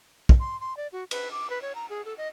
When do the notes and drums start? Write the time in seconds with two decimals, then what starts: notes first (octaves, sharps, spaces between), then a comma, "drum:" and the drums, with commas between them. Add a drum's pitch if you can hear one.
0.29 drum: kick
0.40 C6
0.61 C6
0.77 D5
0.92 F#4
1.11 B4, drum: cymbal
1.31 D6
1.50 B4
1.62 C#5
1.75 A#5
1.90 G#4
2.05 A4
2.18 D#5